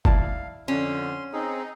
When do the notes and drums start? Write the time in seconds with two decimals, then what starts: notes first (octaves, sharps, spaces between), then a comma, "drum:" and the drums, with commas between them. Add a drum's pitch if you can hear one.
0.05 E4 D5 F5 A5, drum: kick
0.68 F2 D3 C#4 C6
1.33 C4 D#4 G#4